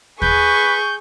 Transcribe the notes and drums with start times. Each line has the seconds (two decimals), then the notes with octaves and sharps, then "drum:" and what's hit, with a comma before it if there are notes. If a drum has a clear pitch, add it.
0.22 G#4 B4 C#6 G6, drum: kick D#2